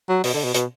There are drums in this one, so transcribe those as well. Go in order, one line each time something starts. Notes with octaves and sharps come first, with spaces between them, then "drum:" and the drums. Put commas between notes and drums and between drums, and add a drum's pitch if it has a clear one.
F#3
B2, drum: open hi-hat
D3
B2
B2, drum: hi-hat